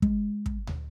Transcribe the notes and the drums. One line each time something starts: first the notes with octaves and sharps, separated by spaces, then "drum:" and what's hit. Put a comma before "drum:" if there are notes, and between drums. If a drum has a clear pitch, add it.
G#3, drum: kick
drum: kick
drum: tom